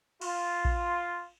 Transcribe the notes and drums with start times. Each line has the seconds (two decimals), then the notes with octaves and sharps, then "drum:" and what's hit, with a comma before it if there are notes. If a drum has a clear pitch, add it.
0.21 F4, drum: cymbal
0.65 drum: kick A#1